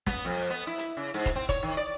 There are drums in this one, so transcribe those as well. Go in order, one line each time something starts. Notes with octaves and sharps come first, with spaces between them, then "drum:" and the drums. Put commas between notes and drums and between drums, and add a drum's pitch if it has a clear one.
B3, drum: snare
F2
B3
E4
drum: hi-hat
C#3
G#2
drum: kick, hi-hat
C4
C#5, drum: kick, hi-hat
D#3
D5